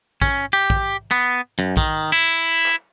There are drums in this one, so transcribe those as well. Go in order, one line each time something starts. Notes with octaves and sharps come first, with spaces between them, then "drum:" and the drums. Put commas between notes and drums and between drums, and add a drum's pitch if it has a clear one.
C#4, drum: kick
G4
drum: kick
B3
F#2
D#3, drum: kick
E4
drum: clap